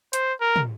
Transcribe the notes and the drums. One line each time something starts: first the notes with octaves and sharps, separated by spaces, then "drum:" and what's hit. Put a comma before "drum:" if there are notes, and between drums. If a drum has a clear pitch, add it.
C5, drum: hi-hat
A#4
drum: tom